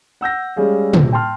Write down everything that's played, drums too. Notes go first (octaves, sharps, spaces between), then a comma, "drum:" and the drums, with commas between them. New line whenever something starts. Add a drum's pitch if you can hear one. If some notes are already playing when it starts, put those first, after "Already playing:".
F#5 E6 G6 A#6
G3 G#3 C#4 G#4 F5
D#1, drum: tom
G5 A5 C6 F6